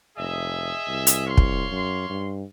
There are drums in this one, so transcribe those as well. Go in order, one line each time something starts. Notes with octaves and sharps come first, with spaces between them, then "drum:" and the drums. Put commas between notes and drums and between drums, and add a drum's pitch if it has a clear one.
F1 G#4 D#5 E5
C2
drum: hi-hat
C#5 F5 C6
drum: kick
F#2
G2